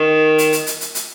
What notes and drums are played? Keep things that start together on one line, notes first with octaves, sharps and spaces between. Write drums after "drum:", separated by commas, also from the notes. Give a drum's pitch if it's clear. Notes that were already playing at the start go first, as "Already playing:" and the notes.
Already playing: D#3
drum: hi-hat
drum: hi-hat
drum: hi-hat
drum: hi-hat
drum: hi-hat